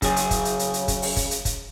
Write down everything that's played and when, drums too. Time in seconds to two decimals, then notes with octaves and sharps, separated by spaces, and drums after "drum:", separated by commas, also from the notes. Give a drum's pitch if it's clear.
0.02 F#2 C#3 G#4, drum: kick, hi-hat
0.16 drum: hi-hat
0.31 drum: kick, hi-hat
0.45 drum: hi-hat
0.59 drum: hi-hat
0.74 drum: hi-hat
0.88 drum: kick, hi-hat
1.02 drum: open hi-hat
1.17 drum: kick, hi-hat
1.31 drum: hi-hat
1.45 drum: kick, hi-hat